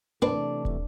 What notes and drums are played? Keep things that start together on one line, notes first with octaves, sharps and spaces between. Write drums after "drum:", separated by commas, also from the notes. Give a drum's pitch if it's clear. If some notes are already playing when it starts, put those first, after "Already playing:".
C3 E3 A3 A#3 C4 D4 B4
drum: kick